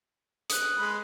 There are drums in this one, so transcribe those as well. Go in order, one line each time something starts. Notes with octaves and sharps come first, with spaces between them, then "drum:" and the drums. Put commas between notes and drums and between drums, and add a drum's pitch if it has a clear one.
D#6 F#6, drum: hi-hat
G#3 B5